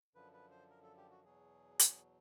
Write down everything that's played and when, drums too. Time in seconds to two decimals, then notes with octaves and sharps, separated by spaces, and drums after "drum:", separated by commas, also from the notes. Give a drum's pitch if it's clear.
0.15 F#2 D3 F3 B4
0.33 B4
0.51 C5
0.70 A#4
0.83 A4
0.97 G4
1.11 F#4
1.24 E2 B2 F#3 G#4
1.79 drum: hi-hat